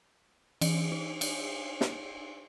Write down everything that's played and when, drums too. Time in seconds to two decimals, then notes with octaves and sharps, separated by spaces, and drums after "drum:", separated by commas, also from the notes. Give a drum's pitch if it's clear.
0.61 E3, drum: cymbal
0.92 D#4
1.21 drum: cymbal
1.81 drum: snare